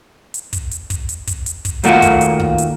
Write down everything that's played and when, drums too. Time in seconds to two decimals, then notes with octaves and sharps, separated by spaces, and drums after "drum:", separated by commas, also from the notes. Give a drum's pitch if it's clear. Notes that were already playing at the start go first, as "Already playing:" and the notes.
0.34 drum: hi-hat
0.53 drum: kick, hi-hat
0.71 drum: hi-hat
0.90 drum: kick, hi-hat
1.09 drum: hi-hat
1.27 drum: kick, hi-hat
1.46 drum: hi-hat
1.65 drum: kick, hi-hat
1.83 D#2 A#2 A3 A#3 F4 F#4, drum: hi-hat
2.02 drum: kick, hi-hat
2.21 drum: hi-hat
2.40 drum: kick
2.58 drum: hi-hat